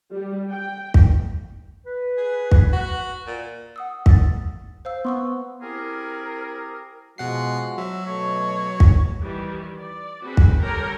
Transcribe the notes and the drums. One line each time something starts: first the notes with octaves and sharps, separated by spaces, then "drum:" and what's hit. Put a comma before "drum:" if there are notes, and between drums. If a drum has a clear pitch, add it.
G3
G5
drum: kick
B4
G#4
drum: kick
F#4
A#2
F#5 D#6 E6
E6 A6, drum: kick
C5 F5 E6
B3 C6 C#6 E6
C4 E4 G4 G#4 A#4
B2 F3 G#3 F#4 F#5 C7
F#3 E5
B2 A3 C#5
drum: kick
D#3 E3 G3
D5
C4 F#4 G#4 B4
drum: kick
D3 G3 A4 A#4 C#5 G5